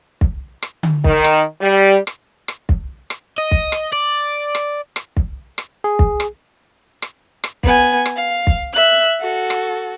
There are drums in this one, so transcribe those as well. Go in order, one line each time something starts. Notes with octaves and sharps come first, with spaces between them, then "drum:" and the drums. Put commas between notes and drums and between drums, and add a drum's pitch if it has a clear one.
drum: kick
drum: rim click
drum: tom D3
D#3, drum: kick
drum: rim click
G3
drum: rim click
drum: rim click
drum: kick
drum: rim click
D#5
drum: kick
drum: rim click
D5
drum: rim click
drum: rim click
drum: kick
drum: rim click
G#4
drum: kick
drum: rim click
drum: rim click
drum: rim click
B3 G#5, drum: kick
drum: rim click
F5
drum: kick
E5 F#6
F#4 A4
drum: rim click